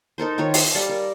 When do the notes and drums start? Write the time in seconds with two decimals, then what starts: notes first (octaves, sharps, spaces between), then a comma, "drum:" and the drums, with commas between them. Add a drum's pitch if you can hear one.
0.18 D#4 A4 A#4 C5
0.38 D#3 F4 A#4 C#5
0.54 E5, drum: open hi-hat
0.75 G3 A4 D5 F5
0.89 A#4